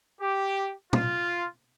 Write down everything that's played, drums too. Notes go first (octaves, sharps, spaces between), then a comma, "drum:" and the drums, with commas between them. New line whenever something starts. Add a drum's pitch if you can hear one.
G4
F4, drum: tom A#2